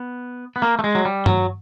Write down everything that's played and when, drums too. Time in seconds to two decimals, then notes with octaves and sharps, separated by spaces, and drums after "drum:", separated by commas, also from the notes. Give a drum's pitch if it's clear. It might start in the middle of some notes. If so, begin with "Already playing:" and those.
Already playing: B3
0.56 B3
0.62 A#3
0.79 A3
0.84 G#3
0.95 F#3
1.05 G3
1.26 F#3, drum: tom G2